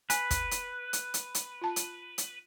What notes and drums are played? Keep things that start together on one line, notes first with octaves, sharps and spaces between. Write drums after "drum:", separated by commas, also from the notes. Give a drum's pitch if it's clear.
B4 G#5, drum: hi-hat
drum: kick, hi-hat
drum: hi-hat
drum: hi-hat
drum: hi-hat
drum: hi-hat
F4 A5
drum: hi-hat
drum: hi-hat